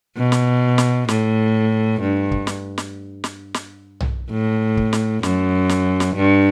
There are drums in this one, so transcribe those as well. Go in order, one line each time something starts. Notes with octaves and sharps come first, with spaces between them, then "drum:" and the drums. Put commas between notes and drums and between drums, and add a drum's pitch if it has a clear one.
B2
drum: snare
drum: snare
A2, drum: snare
G2
drum: kick
drum: snare
drum: snare
drum: snare
drum: snare
drum: tom B1
A2
drum: kick
drum: snare
F#2, drum: snare
drum: snare
drum: snare
G2